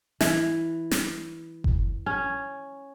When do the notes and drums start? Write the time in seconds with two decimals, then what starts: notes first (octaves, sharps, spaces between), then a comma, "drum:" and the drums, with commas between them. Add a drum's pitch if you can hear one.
0.20 E3, drum: snare
0.91 drum: snare
1.64 drum: kick F#1
2.06 C#4